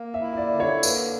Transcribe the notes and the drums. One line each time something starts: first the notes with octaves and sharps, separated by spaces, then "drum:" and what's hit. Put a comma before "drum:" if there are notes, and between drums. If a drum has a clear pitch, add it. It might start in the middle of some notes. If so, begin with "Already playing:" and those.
Already playing: A#3
E5
E4
E5
D5
D3
C#5
A#3 B4, drum: tambourine